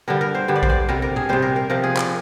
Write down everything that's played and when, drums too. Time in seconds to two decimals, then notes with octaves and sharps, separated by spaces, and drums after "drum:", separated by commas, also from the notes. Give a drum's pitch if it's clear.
0.08 G2 D3 G3 A#4
0.21 A#4
0.35 C5
0.48 G2 D3 G3
0.56 D5
0.63 C5, drum: kick A#1
0.69 D5
0.89 C3 G3 A#4
1.02 A#4
1.16 G#4, drum: tom A#2
1.29 C3 G3 C5
1.42 A#4
1.56 A#4
1.70 C3 F3 A#4
1.84 G#4
1.97 D5, drum: clap